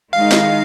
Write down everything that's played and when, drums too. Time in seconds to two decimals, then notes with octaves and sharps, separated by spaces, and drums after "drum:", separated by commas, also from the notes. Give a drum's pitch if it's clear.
0.13 D#3 G#3 D#4 F5
0.31 drum: snare E4